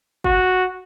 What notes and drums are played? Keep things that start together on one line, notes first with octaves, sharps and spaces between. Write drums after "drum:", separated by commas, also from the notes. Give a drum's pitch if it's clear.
F#4, drum: kick